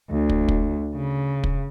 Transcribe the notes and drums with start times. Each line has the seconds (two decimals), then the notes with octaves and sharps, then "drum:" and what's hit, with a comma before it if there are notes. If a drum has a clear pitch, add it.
0.10 D2
0.29 drum: kick
0.48 drum: kick
0.96 C#3
1.44 drum: kick